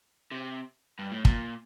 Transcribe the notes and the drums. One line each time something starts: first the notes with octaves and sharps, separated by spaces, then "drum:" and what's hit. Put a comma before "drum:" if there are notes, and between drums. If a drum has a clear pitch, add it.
C3
G2
A2
A#2, drum: kick